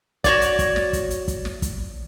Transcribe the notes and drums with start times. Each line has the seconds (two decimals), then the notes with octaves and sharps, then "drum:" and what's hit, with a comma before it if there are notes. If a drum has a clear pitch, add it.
0.24 F#4 C#5 D5, drum: kick, hi-hat
0.41 drum: hi-hat
0.59 drum: kick, hi-hat
0.76 drum: snare
0.93 drum: kick, hi-hat
1.10 drum: hi-hat
1.28 drum: kick, hi-hat
1.45 drum: snare
1.62 drum: kick, hi-hat